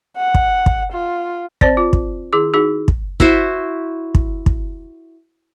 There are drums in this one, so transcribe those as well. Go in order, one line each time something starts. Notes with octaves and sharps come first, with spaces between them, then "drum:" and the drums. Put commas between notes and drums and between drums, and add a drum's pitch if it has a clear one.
F#5
drum: kick
drum: kick
F4
C4 C5 D5, drum: kick
F4
drum: kick
D#3 E4 G#4 D6
D#4 F#4 G#4
drum: kick
E4 F#4 C5, drum: kick
drum: kick
drum: kick